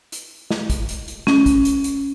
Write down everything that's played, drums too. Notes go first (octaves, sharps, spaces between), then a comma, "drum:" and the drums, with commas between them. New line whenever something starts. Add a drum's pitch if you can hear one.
drum: hi-hat
drum: snare
drum: kick, hi-hat
drum: hi-hat
drum: hi-hat
C#4, drum: snare
drum: kick, hi-hat
drum: hi-hat
drum: hi-hat